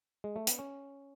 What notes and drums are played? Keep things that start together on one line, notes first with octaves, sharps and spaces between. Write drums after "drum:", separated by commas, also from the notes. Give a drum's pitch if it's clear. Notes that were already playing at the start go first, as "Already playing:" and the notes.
G#3
A3
B3, drum: hi-hat
C#4